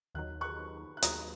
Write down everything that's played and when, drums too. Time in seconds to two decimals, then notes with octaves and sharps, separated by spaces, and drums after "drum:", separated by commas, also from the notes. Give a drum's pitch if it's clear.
0.15 D#2 D#3 F#3 D#4 F#6
0.41 C#6 F#6
0.97 F#6
1.02 D#2 D#3 F#3 D#4 A#5 D#6, drum: hi-hat